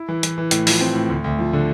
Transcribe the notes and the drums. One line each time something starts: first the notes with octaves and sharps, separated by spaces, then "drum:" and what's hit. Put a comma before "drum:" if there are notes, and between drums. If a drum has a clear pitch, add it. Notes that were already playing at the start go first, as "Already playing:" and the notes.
Already playing: E4
E3
E3, drum: hi-hat
E3
A2, drum: hi-hat
F3, drum: open hi-hat
C4
A2
D2
D2
F3
D3